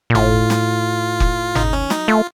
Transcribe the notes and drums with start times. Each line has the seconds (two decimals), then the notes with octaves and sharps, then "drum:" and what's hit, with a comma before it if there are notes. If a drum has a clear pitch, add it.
0.10 A#2
0.15 A2 F4, drum: tom G1
0.50 drum: snare
1.20 drum: kick
1.55 C#3 D#4, drum: tom G1
1.73 D#3 C#4
1.90 F#3 D#4, drum: snare
2.08 A3 F4